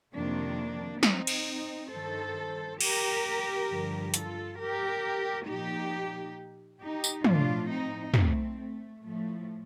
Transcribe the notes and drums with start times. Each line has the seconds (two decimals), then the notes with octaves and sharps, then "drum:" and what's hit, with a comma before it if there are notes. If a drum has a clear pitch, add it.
0.14 F2 C3 D#3 A#3 D4
1.03 C4 D#4, drum: snare
1.27 drum: cymbal
1.91 G2 D#3 A4 C5
2.81 G4 A#4, drum: cymbal
3.69 G2 D3 F3
4.14 F4 A4, drum: hi-hat
4.58 G4 A#4
5.47 A#2 F3 D#4 G4
6.80 D#4 G4
7.04 drum: tambourine
7.24 A2 F3 D4 F4, drum: tom
7.69 C4 D#4
8.14 A3 C4, drum: tom
8.58 A3
9.02 A2 F3 A3